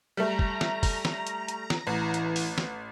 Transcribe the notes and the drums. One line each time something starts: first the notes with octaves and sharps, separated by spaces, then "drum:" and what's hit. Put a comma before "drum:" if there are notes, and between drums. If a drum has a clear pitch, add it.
G3 A3 A#5
drum: kick
drum: snare
drum: kick, open hi-hat
drum: snare
drum: hi-hat
drum: hi-hat
drum: snare
A1 E3
drum: hi-hat
drum: open hi-hat
drum: snare